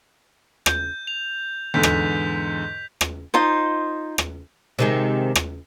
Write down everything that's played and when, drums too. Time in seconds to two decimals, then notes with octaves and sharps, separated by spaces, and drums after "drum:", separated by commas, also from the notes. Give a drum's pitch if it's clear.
0.66 G6, drum: rim click
1.07 F7
1.74 E2 G#2 D3 G6 B6
1.83 drum: rim click
3.01 drum: rim click
3.34 D#4 F4 C5
4.18 drum: rim click
4.79 C3 D#3 G#3
5.35 drum: rim click